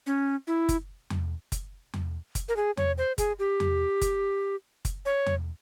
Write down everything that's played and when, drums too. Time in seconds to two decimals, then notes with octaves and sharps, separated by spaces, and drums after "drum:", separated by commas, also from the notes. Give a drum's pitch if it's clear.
0.06 C#4
0.47 E4
0.69 drum: kick F#1, hi-hat
1.10 drum: tom E2
1.52 drum: kick F#1, hi-hat
1.93 drum: tom E2
2.35 drum: kick F#1, hi-hat
2.49 A#4
2.57 G#4
2.77 C#5, drum: tom E2
2.98 C5
3.18 G#4, drum: kick F#1, hi-hat
3.39 G4
3.60 drum: tom E2
4.02 drum: kick F#1, hi-hat
4.85 drum: kick F#1, hi-hat
5.06 C#5
5.26 drum: tom E2